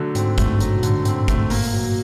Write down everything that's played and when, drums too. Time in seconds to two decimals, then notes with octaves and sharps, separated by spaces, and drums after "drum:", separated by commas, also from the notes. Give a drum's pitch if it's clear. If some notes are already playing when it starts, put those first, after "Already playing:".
Already playing: D3 F#3 A3
0.15 G#2 C4, drum: hi-hat
0.38 G2 A3, drum: kick G1, hi-hat
0.60 F#3, drum: hi-hat
0.77 A#2
0.83 A2 D3, drum: hi-hat
1.05 C4, drum: hi-hat
1.28 A3, drum: kick G1, hi-hat
1.50 A#3, drum: open hi-hat
1.73 F#3